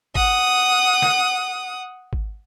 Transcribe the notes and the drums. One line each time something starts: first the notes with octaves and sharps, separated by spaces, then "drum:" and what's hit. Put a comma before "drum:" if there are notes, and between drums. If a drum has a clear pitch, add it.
F#5 D#6, drum: kick G#1
drum: snare
drum: kick G#1